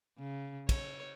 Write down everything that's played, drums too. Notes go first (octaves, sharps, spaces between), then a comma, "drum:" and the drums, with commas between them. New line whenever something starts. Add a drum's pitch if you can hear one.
C#3
C#5, drum: kick, cymbal